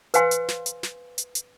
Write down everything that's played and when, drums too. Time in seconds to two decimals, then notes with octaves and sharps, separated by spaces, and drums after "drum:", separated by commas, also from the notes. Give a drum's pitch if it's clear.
0.14 B4 C5 F5 G#5 C6, drum: hi-hat
0.31 drum: hi-hat
0.48 drum: snare
0.66 drum: hi-hat
0.83 drum: snare
1.18 drum: hi-hat
1.35 drum: hi-hat